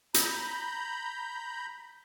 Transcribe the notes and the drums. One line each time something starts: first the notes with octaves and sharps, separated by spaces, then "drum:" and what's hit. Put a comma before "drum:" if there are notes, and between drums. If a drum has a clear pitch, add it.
A#5 B5 G6, drum: hi-hat